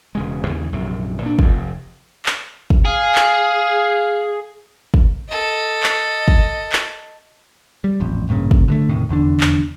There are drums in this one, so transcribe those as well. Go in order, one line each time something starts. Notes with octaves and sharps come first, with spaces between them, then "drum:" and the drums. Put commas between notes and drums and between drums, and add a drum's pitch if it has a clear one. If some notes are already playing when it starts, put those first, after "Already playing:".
E1 C#3 G#3
D#2 C#3 E3
A#1 F#2 C3
A#2 D4
F1 F2, drum: kick
drum: clap
drum: kick
G#4 F5
drum: clap
drum: kick
A4 D#5
drum: clap
drum: kick
drum: clap
G3
D#1 A1 F2
A1 G2 A#2 C#3
drum: kick
D3 G#3 A3
E1 A2 C3 D#3
F1 E2 D3 D4
drum: clap